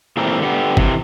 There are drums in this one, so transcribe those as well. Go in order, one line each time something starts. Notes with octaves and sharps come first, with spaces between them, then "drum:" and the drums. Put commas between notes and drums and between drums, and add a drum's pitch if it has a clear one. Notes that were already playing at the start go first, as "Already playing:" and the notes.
A#2 E3 A3 C4 G4 A#4
D3 B3 F#4 G4
C3 E3, drum: kick